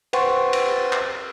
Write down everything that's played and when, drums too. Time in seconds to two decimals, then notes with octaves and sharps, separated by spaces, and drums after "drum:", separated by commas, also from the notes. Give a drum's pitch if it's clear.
0.13 B4 C5 F#5 G5 C6 C#6, drum: cymbal
0.53 drum: cymbal
0.93 drum: clap